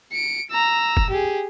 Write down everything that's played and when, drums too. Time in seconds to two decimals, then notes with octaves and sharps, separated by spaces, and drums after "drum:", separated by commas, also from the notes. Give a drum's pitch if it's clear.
0.12 C#7 D7
0.51 A#5 E6
0.97 drum: kick
1.10 G4 G#4